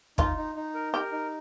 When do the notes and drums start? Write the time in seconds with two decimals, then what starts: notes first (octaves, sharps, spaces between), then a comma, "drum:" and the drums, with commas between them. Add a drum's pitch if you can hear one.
0.18 D#4 F4, drum: kick
0.37 D#4
0.55 D#4
0.75 A#4
0.93 G4 A#4
1.12 D#4